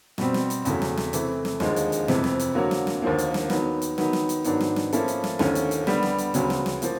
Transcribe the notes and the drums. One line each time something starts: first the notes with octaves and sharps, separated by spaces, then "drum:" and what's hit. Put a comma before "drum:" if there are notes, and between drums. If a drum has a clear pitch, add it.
B2 G3 C4, drum: snare
drum: snare
drum: hi-hat
E2 C#3 F#3 A3, drum: hi-hat
drum: snare
drum: snare
C3 E3 A3, drum: hi-hat
drum: snare
D#2 D3 F3 G#3, drum: snare
drum: hi-hat
drum: hi-hat
F2 C3 E3, drum: snare
drum: snare
drum: hi-hat
D3 F#3 A#3
drum: snare
drum: snare
D#2 D3 F3 A#3
drum: hi-hat
drum: snare
D#3 F#3 B3, drum: snare
drum: hi-hat
D#3 F#3 B3, drum: snare
drum: snare
drum: hi-hat
G#2 D#3 F#3 B3 D4, drum: hi-hat
drum: snare
drum: snare
F3 A#3 C#4 E4 A4, drum: hi-hat
drum: hi-hat
drum: snare
D#2 D3 F3 A3 C#4, drum: snare
drum: hi-hat
drum: hi-hat
D3 G3 B3, drum: snare
drum: snare
drum: hi-hat
D2 C#3 F#3 B3, drum: hi-hat
drum: snare
drum: snare
F3 A#3, drum: hi-hat